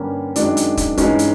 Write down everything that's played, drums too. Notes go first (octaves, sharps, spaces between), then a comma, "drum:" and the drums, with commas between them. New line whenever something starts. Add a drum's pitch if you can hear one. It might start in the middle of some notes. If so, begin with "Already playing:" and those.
Already playing: G2 D3 G3 A#3 C#4
F#2 D#3 G#3 D4, drum: hi-hat
drum: hi-hat
drum: kick, hi-hat
G2 E3 G#3 C#4 D#4, drum: kick, hi-hat
drum: hi-hat